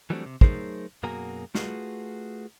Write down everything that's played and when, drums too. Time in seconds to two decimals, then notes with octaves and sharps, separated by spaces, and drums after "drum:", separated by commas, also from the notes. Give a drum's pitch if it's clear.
0.10 E3 F#3 G3 A3 C4 D4
0.26 C3
0.41 F#3 A3 D#4 G#4 A#4 C5, drum: kick
1.03 F#2 B2 A#3 F#4 G#4 A#5
1.55 A3 F4 F#4 G#4 B4, drum: snare